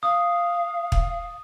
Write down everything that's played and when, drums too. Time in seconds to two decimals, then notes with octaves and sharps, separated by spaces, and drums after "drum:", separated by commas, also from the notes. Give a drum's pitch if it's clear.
0.03 F5 D#6
0.92 drum: kick